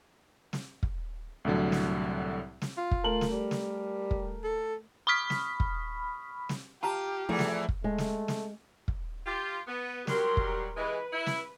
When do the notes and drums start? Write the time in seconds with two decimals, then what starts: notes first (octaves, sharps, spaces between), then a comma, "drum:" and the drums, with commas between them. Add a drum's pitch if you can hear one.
0.53 drum: snare
0.83 drum: kick
1.45 C2 A2 D3 F#3
1.72 drum: snare
2.62 drum: snare
2.77 F4
2.91 drum: kick
3.04 A3 A#4 F#7
3.21 drum: snare
3.31 G3
3.51 drum: snare
4.11 drum: kick
4.44 A4
5.07 B5 C#6 D#6 F6 B6
5.30 drum: snare
5.60 drum: kick
6.49 drum: snare
6.83 F4 G4 A5 A#5
7.29 E2 E3 F3 A3 E4 G#4 D5
7.39 drum: snare
7.69 drum: kick
7.84 G#3 A3
7.98 drum: snare
8.28 drum: snare
8.88 drum: kick
9.26 F4 G4
9.67 B3
10.07 F#3 G3 G4 A#4 C6, drum: snare
10.37 drum: kick
10.77 E3 G#3 B4
11.13 E4
11.26 drum: snare